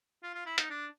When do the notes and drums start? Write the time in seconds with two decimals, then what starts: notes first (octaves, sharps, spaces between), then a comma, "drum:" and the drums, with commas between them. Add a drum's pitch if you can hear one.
0.23 F4
0.34 F4
0.46 E4
0.58 D#4, drum: hi-hat
0.70 D4